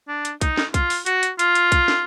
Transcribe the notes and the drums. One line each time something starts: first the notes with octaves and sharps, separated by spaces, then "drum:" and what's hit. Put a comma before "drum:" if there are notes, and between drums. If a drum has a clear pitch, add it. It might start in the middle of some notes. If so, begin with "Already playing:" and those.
D4
drum: hi-hat
D#4, drum: kick, hi-hat
drum: snare
F4, drum: kick, hi-hat
drum: open hi-hat
F#4, drum: hi-hat
drum: hi-hat
F4, drum: hi-hat
drum: hi-hat
drum: kick, hi-hat
drum: snare